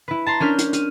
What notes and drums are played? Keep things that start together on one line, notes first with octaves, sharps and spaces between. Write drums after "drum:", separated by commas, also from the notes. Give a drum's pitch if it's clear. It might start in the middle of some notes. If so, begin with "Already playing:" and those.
E4 B4
A5 A#5 C6
C#4 D4 A#4 F6 G6 B6
drum: hi-hat
F6 D#7, drum: hi-hat